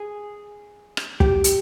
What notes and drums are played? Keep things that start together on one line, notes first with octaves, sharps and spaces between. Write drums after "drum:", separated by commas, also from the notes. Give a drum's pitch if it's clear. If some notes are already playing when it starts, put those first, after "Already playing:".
Already playing: G#4
drum: rim click
G4, drum: kick
drum: hi-hat